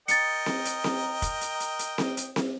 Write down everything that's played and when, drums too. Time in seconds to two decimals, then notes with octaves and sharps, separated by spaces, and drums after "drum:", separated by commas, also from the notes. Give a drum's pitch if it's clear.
0.08 A#4 D#5 G5 A6 C#7, drum: hi-hat
0.46 drum: snare C4
0.65 drum: hi-hat
0.84 drum: snare C4
1.22 drum: kick, hi-hat
1.41 drum: hi-hat
1.60 drum: hi-hat
1.79 drum: hi-hat
1.98 drum: snare C4
2.17 drum: hi-hat
2.36 drum: snare C4